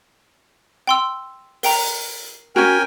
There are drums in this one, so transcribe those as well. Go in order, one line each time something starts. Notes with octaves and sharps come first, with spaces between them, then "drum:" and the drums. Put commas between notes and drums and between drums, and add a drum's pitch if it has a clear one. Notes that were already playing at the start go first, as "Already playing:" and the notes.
G5 C6 E6
A#4 G5 A#5, drum: open hi-hat
C#4 F#4 A#4 G5 G#5